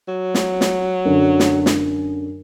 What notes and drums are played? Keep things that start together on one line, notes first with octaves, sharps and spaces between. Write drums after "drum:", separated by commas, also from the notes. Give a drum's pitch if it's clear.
F#3
drum: snare
drum: snare
F#2 D3
drum: snare
drum: snare